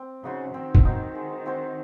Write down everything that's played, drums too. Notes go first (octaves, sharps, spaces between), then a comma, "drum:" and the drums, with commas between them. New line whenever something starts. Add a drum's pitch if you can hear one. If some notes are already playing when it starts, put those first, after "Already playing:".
Already playing: C4
C#3 D#4 F#4 C5
D#3 C4
drum: kick
D#4 F#4 C5
G#3
C4 F#4 C5